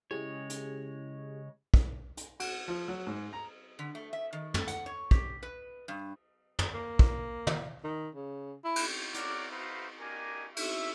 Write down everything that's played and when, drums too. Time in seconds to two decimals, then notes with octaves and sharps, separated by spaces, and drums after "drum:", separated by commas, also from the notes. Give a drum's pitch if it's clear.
0.11 C#3 G#3 E4 G4 G#4 C#5
0.50 drum: hi-hat
1.74 drum: kick
2.17 drum: hi-hat
2.40 F#4, drum: cymbal
2.68 F3
2.88 F#3
3.07 G#2
3.33 A#5
3.79 D3
3.95 A3
4.13 E5
4.33 D#3
4.54 A4, drum: tom
4.68 F#5, drum: hi-hat
4.86 C#5
5.11 G4, drum: kick
5.43 B4
5.88 G2
6.59 drum: tom
6.74 A#3
6.99 drum: kick
7.47 drum: tom
7.84 D#3
8.15 C#3
8.64 E4
8.76 drum: cymbal
9.14 A#4 C#5 D5 F#5 D6, drum: hi-hat
9.50 D#4 F#4 B4 C5 E5 F5
9.99 A#3 D4 G4 A#4 D#5 G#5
10.57 E5, drum: cymbal